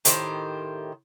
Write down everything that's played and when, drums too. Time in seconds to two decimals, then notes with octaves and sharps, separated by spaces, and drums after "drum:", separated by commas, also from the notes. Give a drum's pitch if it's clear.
0.05 A2 D#3 G4 C5, drum: hi-hat